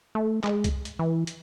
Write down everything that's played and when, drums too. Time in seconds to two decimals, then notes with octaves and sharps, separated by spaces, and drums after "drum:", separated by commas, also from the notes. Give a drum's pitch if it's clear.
0.15 A3
0.44 G#3, drum: clap
0.64 drum: kick C2, hi-hat
0.85 drum: hi-hat
0.99 E3
1.27 drum: hi-hat